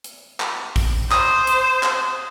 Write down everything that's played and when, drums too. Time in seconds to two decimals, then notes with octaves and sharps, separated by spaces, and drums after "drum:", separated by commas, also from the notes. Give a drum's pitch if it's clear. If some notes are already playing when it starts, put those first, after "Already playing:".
0.04 drum: hi-hat
0.40 drum: clap
0.76 drum: kick A1, open hi-hat
1.12 C5 D#6, drum: clap
1.47 drum: hi-hat
1.83 drum: clap